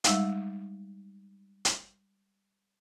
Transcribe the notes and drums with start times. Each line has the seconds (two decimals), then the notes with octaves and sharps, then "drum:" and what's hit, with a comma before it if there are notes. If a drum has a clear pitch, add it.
0.04 G3 G#3 D#4 F5, drum: hi-hat
1.65 drum: hi-hat